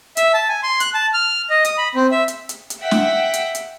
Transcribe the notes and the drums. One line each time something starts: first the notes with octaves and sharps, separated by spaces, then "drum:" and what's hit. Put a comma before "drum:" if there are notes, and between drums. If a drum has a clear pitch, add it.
E5, drum: hi-hat
A5
G#5
C6
F#6, drum: hi-hat
A5
F6
D#5
D#6, drum: hi-hat
B5
C4
E5
drum: hi-hat
drum: hi-hat
drum: hi-hat
E5 F#5 G5 B6
drum: snare
drum: hi-hat
drum: hi-hat